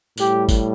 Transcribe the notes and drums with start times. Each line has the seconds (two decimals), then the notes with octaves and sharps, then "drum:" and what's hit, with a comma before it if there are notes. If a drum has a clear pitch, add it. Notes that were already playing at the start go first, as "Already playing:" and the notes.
0.18 A2 G3 G4, drum: tambourine
0.49 drum: kick, tambourine